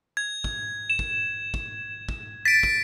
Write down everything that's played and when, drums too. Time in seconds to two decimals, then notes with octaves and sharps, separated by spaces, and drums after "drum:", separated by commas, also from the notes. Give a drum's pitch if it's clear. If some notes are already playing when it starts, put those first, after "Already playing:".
0.17 G#6
0.44 drum: kick
0.90 E7
0.99 drum: kick
1.54 drum: kick
2.09 drum: kick
2.45 A6 B6 D7
2.63 drum: kick